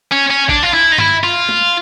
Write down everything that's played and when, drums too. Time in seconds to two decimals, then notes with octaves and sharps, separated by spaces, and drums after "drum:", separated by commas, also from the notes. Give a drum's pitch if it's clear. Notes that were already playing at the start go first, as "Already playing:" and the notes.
0.11 C#4
0.30 C#4
0.49 D4, drum: kick G#1
0.63 F4
0.73 E4
0.92 D#4
0.98 E4, drum: tom G2
1.23 F4
1.49 drum: tom G#3